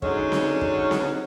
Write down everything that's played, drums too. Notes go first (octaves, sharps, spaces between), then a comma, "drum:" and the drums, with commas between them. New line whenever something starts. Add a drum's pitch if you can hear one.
D3 F#3 G#3 C#4 D#4 C#5, drum: kick
drum: snare C4
drum: kick
drum: snare C4